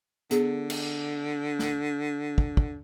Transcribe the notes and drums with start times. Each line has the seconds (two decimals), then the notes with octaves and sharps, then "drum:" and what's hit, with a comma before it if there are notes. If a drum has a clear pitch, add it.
0.31 D3 B3 G#4, drum: hi-hat
0.70 drum: cymbal
1.59 drum: snare
2.38 drum: kick
2.57 drum: kick